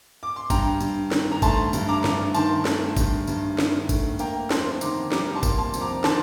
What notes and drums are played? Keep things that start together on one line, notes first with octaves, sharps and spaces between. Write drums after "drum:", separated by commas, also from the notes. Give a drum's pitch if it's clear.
D6
C6
G2 G5 A#5, drum: kick G#1, tambourine
G2, drum: tambourine
D#3, drum: snare
A#5
A3 A5 C6, drum: kick G#1, tambourine
G2, drum: tambourine
A#5 D6
G2, drum: snare
D#3 A5 C6, drum: tambourine
A3, drum: snare
G2, drum: kick G#1, tambourine
G2, drum: tambourine
D#3, drum: snare
A3, drum: kick G#1, tambourine
A#3 G5 A#5, drum: tambourine
F2 A5 C6, drum: snare
C6
D#3 A#5 D6, drum: tambourine
G3 A#5 D6, drum: snare
A5 C6
A#3, drum: kick G#1, tambourine
A5 C6
F2, drum: tambourine
A#5 D6
D#3 A5 C6, drum: snare